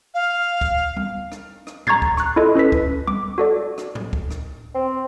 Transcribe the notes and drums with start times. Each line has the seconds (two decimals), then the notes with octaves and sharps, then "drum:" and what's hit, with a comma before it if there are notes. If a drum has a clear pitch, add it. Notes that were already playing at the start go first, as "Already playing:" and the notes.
0.14 F5
0.61 drum: kick
0.97 drum: tom G3
1.32 drum: rim click
1.67 drum: rim click
1.87 A#5 C#6 G#6 A6 C7, drum: tom A2
2.02 drum: kick
2.17 C#6 F#6, drum: rim click
2.36 E4 F4 A4 D#5
2.55 C#4 A4 B4 B6
2.72 drum: kick
3.07 D6, drum: tom G3
3.38 F#4 A4 D5
3.78 drum: rim click
3.95 drum: tom A2
4.13 drum: kick
4.31 drum: rim click
4.75 C4